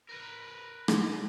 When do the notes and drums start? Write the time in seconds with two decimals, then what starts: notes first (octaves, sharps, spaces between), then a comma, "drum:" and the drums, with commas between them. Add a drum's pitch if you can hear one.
0.09 A#4 B4
0.88 drum: rim click